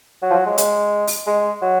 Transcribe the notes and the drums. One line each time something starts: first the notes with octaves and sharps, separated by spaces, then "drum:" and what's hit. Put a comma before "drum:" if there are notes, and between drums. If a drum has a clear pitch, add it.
F#3
F3
F#3
G#3
G#3, drum: hi-hat
drum: open hi-hat
G#3
F#3